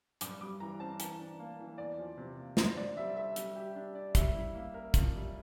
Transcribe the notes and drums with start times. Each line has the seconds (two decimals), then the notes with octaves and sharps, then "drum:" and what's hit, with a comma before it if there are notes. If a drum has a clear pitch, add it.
0.21 G2 D6, drum: hi-hat
0.41 G3 D6
0.60 E3 A#5
0.80 C4 A5
1.00 E3 A5, drum: hi-hat
1.19 D4
1.39 A#3
1.59 E3
1.78 E2 D5
1.98 F3
2.17 C3
2.38 A#3
2.57 D3 C5, drum: snare
2.76 D4 D5
2.97 G3 E5
3.16 A4 E5
3.36 G3, drum: hi-hat
3.56 G4
3.75 D4
3.95 D5
4.15 G3 E5, drum: kick, hi-hat
4.35 E4
4.54 A#3
4.74 A#4
4.94 F2, drum: kick, hi-hat
5.14 G3